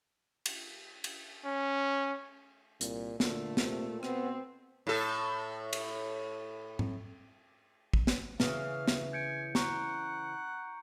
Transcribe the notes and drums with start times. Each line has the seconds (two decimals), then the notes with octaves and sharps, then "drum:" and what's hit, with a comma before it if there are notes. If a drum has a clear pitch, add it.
0.46 drum: cymbal
1.04 drum: cymbal
1.46 C#4
2.81 C2 A#2, drum: hi-hat
3.20 A#2 D3 A3, drum: snare
3.57 C3, drum: snare
4.03 B2 B3 C4, drum: rim click
4.87 A2 A4
5.73 drum: cymbal
6.79 drum: tom G#2
7.93 drum: kick
8.07 drum: snare
8.40 C#3 E3 F5, drum: snare
8.88 drum: snare
9.13 G#5 G6 C#7 D7
9.55 F#5 A#5 C#6, drum: snare